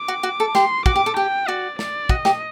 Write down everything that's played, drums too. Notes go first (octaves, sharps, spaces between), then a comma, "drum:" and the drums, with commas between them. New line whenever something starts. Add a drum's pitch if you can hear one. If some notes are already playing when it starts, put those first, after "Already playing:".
Already playing: D6
F#4
F#4
A4
G4 C6, drum: snare
F#4 D6, drum: kick
G4
A4
G4 G5
F#4 D5
D5, drum: snare
F#4 D#5, drum: kick
G4, drum: snare